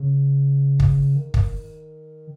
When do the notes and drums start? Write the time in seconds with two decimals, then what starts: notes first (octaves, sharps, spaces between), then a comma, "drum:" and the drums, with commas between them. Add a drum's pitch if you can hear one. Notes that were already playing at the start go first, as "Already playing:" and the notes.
Already playing: C#3
0.80 drum: kick
1.16 D#3
1.34 drum: kick